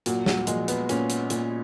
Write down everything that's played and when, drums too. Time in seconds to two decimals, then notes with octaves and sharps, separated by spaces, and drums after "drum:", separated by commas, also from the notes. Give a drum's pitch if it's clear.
0.06 A#2 F#3, drum: hi-hat
0.26 F#3, drum: snare
0.47 A#2 G#3, drum: hi-hat
0.68 B3, drum: hi-hat
0.89 A#2 C#4, drum: hi-hat
1.10 drum: hi-hat
1.30 A#2, drum: hi-hat